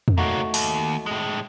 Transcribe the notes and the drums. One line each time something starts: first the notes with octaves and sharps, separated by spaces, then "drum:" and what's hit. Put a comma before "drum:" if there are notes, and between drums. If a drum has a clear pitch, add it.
drum: tom E2
F#3 A3 A#3 D#4 F#4
D#2, drum: open hi-hat
A2 G#3